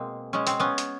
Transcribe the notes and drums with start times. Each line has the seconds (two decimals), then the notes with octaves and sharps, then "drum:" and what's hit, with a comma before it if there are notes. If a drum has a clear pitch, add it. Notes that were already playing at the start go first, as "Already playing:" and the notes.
Already playing: B2 G#3 A#3 C4
0.33 B2 G#3 C#4
0.47 C4, drum: hi-hat
0.60 B3 C#4
0.78 drum: hi-hat